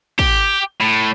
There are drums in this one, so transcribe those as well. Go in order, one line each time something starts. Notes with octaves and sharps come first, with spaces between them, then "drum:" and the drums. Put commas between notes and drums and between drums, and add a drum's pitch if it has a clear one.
G4, drum: kick
A2